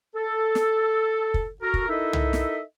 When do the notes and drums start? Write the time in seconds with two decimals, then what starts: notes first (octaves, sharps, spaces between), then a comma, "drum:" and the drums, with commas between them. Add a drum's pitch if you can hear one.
0.16 A4
0.55 drum: snare
1.34 drum: kick
1.62 F#4 A4 A#4
1.74 drum: kick
1.88 D#4 E4 A4 A#4 D#5 E5
2.13 drum: tom
2.33 drum: snare